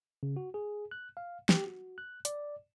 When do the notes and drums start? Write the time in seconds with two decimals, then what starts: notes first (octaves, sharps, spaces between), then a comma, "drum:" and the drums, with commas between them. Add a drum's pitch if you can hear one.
0.23 C#3
0.37 F#4
0.54 G#4
0.91 F#6
1.17 F5
1.49 G4, drum: snare
1.66 F#4
1.98 F#6
2.25 D5, drum: hi-hat